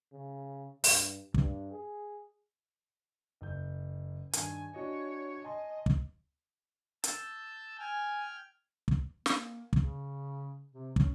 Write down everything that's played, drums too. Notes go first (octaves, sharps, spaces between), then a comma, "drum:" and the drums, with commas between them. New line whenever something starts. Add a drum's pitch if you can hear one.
C#3
G2, drum: open hi-hat
G2, drum: kick
G#4
F#1 G6
G2 D#3 G#5, drum: hi-hat
D4 F#4 C#5 D#5
D#5 G#5 A5 C6
drum: kick
A5 E6 G6, drum: hi-hat
G5 G#5 F6 G#6
drum: kick
A#3, drum: snare
C#3, drum: kick
C3
C#4, drum: kick